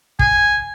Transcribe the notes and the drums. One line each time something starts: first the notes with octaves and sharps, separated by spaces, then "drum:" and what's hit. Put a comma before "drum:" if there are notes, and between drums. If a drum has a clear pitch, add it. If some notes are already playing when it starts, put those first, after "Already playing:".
G#5, drum: kick